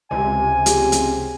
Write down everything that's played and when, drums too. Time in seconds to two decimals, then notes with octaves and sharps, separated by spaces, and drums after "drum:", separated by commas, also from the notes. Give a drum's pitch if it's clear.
0.11 C#2 C3 G#5
0.66 G4 G#4, drum: hi-hat
0.92 drum: hi-hat